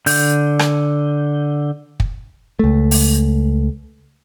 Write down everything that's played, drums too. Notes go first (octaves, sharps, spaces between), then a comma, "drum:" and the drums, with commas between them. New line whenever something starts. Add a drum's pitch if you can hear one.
D3 G6, drum: open hi-hat
drum: rim click
drum: kick
C#2 A3
drum: open hi-hat